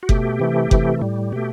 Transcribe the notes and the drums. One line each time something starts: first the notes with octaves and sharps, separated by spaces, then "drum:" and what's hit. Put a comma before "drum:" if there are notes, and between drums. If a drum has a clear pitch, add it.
F#4
B2 A3 G4, drum: kick F#1
C3 E3 A3
C3 E3 A3, drum: kick F#1
A2 G3
B2 A3 G4